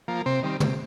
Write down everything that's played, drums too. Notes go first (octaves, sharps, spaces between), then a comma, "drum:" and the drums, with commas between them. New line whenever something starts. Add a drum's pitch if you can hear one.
F3 A#3
C3 C4
D#3 G3 C4
C3, drum: tom